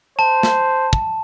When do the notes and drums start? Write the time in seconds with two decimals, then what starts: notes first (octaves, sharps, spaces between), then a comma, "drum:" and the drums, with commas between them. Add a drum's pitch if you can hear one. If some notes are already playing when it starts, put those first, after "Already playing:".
0.19 C5 A5
0.43 drum: snare
0.93 drum: kick